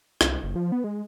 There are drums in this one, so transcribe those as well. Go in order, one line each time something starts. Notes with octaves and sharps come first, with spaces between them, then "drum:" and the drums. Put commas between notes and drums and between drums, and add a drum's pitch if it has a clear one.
C2, drum: rim click
F#1
F3
B3
G#3